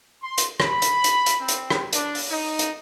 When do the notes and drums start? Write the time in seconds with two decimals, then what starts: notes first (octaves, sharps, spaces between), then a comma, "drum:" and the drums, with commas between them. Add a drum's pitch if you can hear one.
0.23 C6
0.38 drum: hi-hat
0.60 B5, drum: rim click
0.82 drum: hi-hat
1.04 drum: hi-hat
1.26 drum: hi-hat
1.39 C4
1.48 drum: hi-hat
1.70 drum: rim click
1.93 D4, drum: hi-hat
2.15 drum: open hi-hat
2.30 D#4
2.59 drum: hi-hat